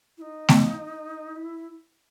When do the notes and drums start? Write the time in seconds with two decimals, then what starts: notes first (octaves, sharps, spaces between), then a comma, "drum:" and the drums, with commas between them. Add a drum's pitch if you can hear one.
0.18 E4
0.21 D#4
0.49 drum: snare A3
1.36 E4